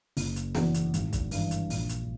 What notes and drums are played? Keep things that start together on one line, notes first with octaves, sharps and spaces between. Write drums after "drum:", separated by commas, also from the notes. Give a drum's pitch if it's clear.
F#1, drum: open hi-hat
drum: hi-hat
E2 B2, drum: snare
drum: hi-hat
G#1, drum: hi-hat
drum: kick, hi-hat
G2 E3, drum: open hi-hat
drum: hi-hat
A#1, drum: open hi-hat
drum: hi-hat